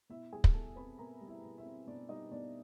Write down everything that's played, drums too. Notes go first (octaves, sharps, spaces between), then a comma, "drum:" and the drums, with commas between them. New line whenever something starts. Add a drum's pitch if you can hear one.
B2 E4 E5
G3 G#4 G#5
drum: kick
B2 A4 A5
C4 B4 B5
B2 A#4 A#5
G3
E4 E5
B2
E4 E5
C4
B2 D4 D5
G3 D#4 D#5
B2 D4 D5